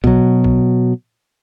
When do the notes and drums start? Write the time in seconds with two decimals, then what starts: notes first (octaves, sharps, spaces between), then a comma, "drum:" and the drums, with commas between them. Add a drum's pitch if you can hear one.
0.04 B2 F#3, drum: kick
0.44 drum: kick